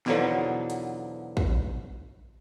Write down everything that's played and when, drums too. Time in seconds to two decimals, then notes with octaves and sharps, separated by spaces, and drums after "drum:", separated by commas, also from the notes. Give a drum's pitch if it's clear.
0.06 B1 E2 B2 D3 F3 F#3, drum: snare
0.70 drum: hi-hat
1.37 drum: kick